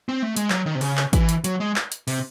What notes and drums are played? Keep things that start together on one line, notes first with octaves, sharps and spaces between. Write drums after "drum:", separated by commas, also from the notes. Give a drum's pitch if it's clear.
C4
A3
G#3, drum: hi-hat
F#3, drum: clap
D#3
C3
C#3, drum: open hi-hat
drum: clap
E3, drum: kick A1, hi-hat
drum: hi-hat
F#3, drum: hi-hat
G#3
drum: clap
drum: hi-hat
C3, drum: open hi-hat